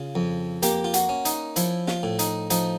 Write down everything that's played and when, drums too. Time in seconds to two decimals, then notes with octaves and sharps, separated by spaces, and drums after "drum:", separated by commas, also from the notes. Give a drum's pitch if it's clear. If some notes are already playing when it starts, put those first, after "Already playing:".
Already playing: C#3 F4
0.15 F2
0.63 A#3 G4, drum: hi-hat
0.84 F4
0.94 F#4, drum: hi-hat
1.09 C#4
1.25 D#4, drum: hi-hat
1.56 F3 E4, drum: hi-hat
1.88 F4, drum: snare
2.03 A2
2.19 D#4, drum: hi-hat
2.50 F3 D#4, drum: hi-hat